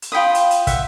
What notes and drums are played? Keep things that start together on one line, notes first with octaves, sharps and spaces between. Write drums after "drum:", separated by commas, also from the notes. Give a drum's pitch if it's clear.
drum: hi-hat
F4 G5 B5 D#6
drum: hi-hat
drum: hi-hat
E5 F#5, drum: kick, hi-hat